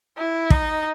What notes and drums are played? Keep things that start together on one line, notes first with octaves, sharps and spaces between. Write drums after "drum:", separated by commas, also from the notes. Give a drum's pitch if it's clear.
E4
D#4, drum: kick